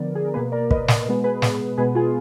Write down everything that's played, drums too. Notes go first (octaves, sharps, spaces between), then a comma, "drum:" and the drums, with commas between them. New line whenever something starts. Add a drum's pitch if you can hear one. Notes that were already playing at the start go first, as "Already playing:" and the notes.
Already playing: D3 F3 B3 A#4 D5
G#4
A#4
B2 A#3 G#4 B4
A#4 D5
B4 D#5, drum: kick
drum: snare
B2 G#3 B3
G#4 B4
drum: snare
B2 G#3 B3 G#4 B4
F4 G#4